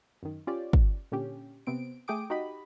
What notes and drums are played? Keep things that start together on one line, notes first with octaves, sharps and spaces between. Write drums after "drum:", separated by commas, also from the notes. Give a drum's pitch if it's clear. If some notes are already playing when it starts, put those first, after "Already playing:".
F#2 D#3
C#4 F4 G4 D5
drum: kick
A#2 D3 C#4 G4
C3 B3 C4 D7
A3 G#4 G5 D6 D#6 D7
D#4 F#4 G4 D#5 B5